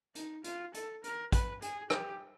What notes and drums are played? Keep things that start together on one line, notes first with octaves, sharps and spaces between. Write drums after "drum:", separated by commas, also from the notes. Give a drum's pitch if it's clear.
D#4, drum: hi-hat
F4, drum: hi-hat
A4, drum: hi-hat
A#4, drum: hi-hat
B4, drum: kick A1, hi-hat
G#4, drum: hi-hat
G4, drum: rim click